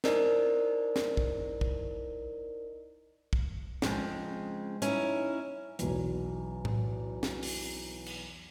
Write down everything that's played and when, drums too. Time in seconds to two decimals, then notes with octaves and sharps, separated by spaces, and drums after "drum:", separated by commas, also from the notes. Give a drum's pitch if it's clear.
0.04 D#4 E4 A#4 C5 D5 D#5, drum: snare
0.96 drum: snare
1.17 drum: kick
1.61 drum: kick
3.33 drum: kick
3.82 C#3 F3 G#3 C4, drum: snare
4.82 C#4 D#4 E4, drum: hi-hat
5.79 B1 E2, drum: hi-hat
6.65 drum: tom A2
7.23 drum: snare
7.43 drum: open hi-hat
8.06 drum: cymbal